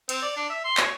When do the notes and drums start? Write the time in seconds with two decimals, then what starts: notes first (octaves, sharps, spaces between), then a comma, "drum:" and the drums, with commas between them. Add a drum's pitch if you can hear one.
0.09 C4, drum: cymbal
0.22 D5
0.36 D4
0.49 E5
0.64 C6
0.77 C#5, drum: clap